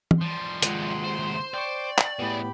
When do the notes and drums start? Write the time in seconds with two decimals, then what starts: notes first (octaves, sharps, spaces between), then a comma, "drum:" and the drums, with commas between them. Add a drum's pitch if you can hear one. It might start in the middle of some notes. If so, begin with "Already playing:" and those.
0.11 drum: tom E3
0.21 F3 G3 C6
0.62 D#2 G#3 F4 F#5, drum: hi-hat
1.04 C5
1.54 D5 G5 C#6
1.98 drum: clap
2.19 A2 E3 G#3 B3 G4 B5